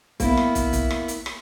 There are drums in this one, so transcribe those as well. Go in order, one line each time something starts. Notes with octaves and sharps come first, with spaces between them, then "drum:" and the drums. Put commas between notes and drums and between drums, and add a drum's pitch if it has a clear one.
A#3 B3 E4, drum: kick, hi-hat
drum: rim click
drum: kick, hi-hat
drum: kick, hi-hat
drum: rim click
drum: hi-hat
drum: rim click